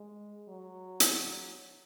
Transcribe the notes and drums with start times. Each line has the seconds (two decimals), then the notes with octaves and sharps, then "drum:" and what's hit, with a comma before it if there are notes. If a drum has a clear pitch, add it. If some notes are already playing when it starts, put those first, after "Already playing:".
Already playing: G#3
0.49 F#3
1.00 drum: hi-hat